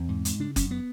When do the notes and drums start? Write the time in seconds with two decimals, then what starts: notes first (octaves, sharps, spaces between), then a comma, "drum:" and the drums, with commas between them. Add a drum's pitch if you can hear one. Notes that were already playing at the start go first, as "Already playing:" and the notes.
Already playing: E2 C4
0.08 G#2
0.25 G#2, drum: hi-hat
0.39 C#3 D4
0.56 F#2 C#4, drum: kick F#1, hi-hat
0.71 B3